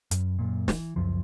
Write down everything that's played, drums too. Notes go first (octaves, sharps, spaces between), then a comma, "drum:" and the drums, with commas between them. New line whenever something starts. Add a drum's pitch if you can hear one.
F#2, drum: hi-hat
F#2 A#2
E3 F3, drum: snare
C#2 F#2 F3